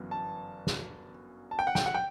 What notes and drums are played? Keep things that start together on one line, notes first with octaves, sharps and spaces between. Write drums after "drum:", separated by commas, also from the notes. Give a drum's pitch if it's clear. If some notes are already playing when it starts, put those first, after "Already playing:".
Already playing: G1 F#2 E3 B3
A5
drum: snare
A5
G5
F#5
G5, drum: snare
F#5
G5